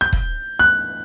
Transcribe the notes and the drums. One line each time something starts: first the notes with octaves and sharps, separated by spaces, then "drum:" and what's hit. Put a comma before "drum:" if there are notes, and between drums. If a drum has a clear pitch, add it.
G6
drum: kick
F#6